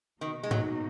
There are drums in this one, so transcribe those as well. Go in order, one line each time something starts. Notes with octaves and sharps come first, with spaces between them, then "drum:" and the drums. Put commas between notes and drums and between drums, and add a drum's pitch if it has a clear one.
B2 D#3 A#3 D#4 F#4
G#3
F#3, drum: tom G#2